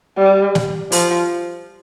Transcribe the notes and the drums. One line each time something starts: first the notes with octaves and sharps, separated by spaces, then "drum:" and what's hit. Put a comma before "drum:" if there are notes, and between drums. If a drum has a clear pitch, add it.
G3
drum: snare
F3, drum: open hi-hat